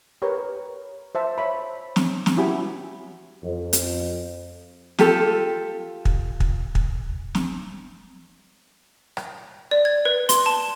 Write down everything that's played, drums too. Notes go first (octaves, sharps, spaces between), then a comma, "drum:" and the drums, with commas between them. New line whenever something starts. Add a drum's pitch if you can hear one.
G4 A#4 B4 C#5
C5 E5 A5
C5 C#5 E5 B5
drum: snare
drum: snare
C#4 E4 F#4 G4 G#5 B5
F2
drum: hi-hat
F4 G4 A4, drum: snare
drum: kick
drum: kick
drum: kick
drum: snare
drum: rim click
D5
G#6
B4
C6, drum: hi-hat
A5